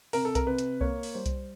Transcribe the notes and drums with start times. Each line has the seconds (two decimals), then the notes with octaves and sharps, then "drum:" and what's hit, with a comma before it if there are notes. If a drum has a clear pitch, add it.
0.13 C3 A#4, drum: open hi-hat
0.25 A4
0.35 A#4, drum: kick C2, hi-hat
0.47 C3 B4
0.58 drum: hi-hat
0.81 A#3 C#5, drum: kick C2
1.03 drum: open hi-hat
1.14 G3 C5
1.26 drum: kick C2, hi-hat